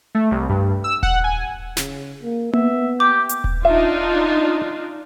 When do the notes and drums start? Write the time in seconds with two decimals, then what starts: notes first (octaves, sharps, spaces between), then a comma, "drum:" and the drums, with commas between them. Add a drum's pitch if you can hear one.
0.15 A3
0.31 C2
0.49 G2
0.84 E6
1.03 F#5, drum: kick D#1
1.24 G#5
1.77 C#3, drum: snare
2.23 A#3
2.53 B3 E5, drum: tom A#3
3.00 G4 D6
3.29 drum: hi-hat
3.44 drum: kick D#1
3.65 D4 D#4 F4 E5